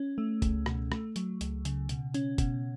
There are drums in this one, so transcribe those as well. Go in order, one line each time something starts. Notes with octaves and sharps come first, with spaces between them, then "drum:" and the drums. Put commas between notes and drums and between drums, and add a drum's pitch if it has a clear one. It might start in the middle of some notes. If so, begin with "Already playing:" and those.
Already playing: C#4
A3
C#2, drum: kick F1, hi-hat
B2, drum: rim click
A3, drum: rim click
F#3, drum: hi-hat
C#2, drum: hi-hat
C#3, drum: hi-hat
B2, drum: hi-hat
C#4, drum: hi-hat
B2, drum: kick F1, hi-hat